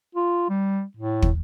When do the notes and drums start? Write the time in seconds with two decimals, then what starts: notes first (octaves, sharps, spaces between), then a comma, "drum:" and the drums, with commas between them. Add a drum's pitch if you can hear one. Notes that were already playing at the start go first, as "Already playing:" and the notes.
0.15 F4
0.50 G3
0.97 A2
1.22 drum: kick